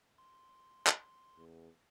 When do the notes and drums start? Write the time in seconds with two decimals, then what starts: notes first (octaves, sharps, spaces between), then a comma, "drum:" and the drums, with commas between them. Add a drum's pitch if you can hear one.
0.18 C6
0.87 drum: clap
1.38 E2